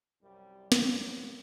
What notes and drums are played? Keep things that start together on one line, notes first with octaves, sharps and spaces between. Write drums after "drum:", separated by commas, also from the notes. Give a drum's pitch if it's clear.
C2 F#2 G3
G3 A#3 C#4 E4 F4 G4, drum: snare